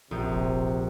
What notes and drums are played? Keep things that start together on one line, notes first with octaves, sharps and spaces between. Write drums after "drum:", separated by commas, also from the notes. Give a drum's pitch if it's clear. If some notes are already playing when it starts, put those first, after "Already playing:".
A#1 C3 D#6 G6
drum: kick E1